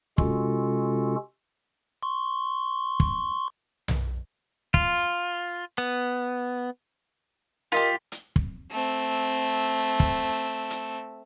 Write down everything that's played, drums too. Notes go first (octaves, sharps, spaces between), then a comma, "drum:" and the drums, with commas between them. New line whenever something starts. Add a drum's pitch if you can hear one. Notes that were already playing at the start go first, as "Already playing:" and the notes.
C3 G#3 C#4 F4 F#4 A4, drum: kick
C6 C#6
drum: kick
drum: tom B1
F4, drum: kick
B3
F4 G4 A#4 D#5 A5 B6
drum: hi-hat
drum: kick
A3 C4
drum: kick
drum: hi-hat